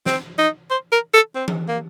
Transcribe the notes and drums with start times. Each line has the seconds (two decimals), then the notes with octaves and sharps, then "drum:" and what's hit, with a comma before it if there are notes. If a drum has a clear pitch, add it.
0.06 C4, drum: snare
0.38 D#4
0.71 C5
0.92 A#4
1.14 A4
1.35 C4
1.48 drum: tom E3
1.68 A#3